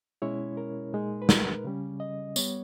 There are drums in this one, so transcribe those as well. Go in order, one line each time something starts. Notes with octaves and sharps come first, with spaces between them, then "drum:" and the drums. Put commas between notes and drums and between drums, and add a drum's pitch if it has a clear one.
B2 G#3 C#4 E4 C#5
A#4
A#2 G#3 D#4
B4
A#4, drum: snare
C#3 G3 C#4
D#5
G3 B3 C#5, drum: tambourine